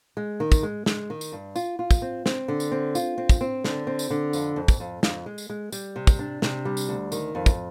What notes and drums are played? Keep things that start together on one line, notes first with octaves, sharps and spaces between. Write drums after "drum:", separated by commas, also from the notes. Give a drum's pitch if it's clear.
G#3
D#3
drum: kick, tambourine
G#3
G#3, drum: snare
D#3
drum: tambourine
G2
F4, drum: tambourine
F4
drum: kick, tambourine
C4
C4, drum: snare
D3
drum: tambourine
C4
F4, drum: tambourine
C4
drum: kick, tambourine
C4
D3, drum: snare
C4
drum: tambourine
D3
F2, drum: tambourine
F2
drum: kick, tambourine
F2
F2, drum: snare
G#3
drum: tambourine
G#3
G3, drum: tambourine
C3
drum: kick, tambourine
D4
C3, drum: snare
G3
drum: tambourine
D2
D#3, drum: tambourine
F2
drum: kick, tambourine